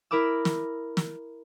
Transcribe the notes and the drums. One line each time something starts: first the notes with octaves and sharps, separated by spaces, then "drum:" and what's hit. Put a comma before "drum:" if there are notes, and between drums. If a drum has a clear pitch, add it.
E4 A#4 B5 D6 E6
drum: snare
drum: snare